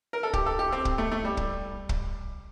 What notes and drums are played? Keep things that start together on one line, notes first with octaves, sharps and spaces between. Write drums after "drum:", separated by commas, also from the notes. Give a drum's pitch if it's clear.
A#4
A4
G4, drum: kick
A4
G4
C4
drum: kick
A3
A3
G3
drum: kick
drum: kick